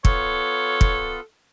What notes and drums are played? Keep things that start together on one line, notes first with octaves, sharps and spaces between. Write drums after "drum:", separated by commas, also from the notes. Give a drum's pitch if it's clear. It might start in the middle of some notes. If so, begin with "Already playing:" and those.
B3 F4 A4 C#5, drum: kick
drum: kick